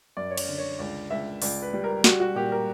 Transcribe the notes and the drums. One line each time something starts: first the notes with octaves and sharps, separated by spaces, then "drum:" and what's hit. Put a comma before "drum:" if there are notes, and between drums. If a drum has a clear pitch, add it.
F#2 D5
C#5
D5, drum: cymbal
D3
C#5
C#2 D5
C#2 E5
C#2 D5, drum: open hi-hat
B4
G3
A#4
G3 F#4, drum: snare
F#4
A#2 G4
A#4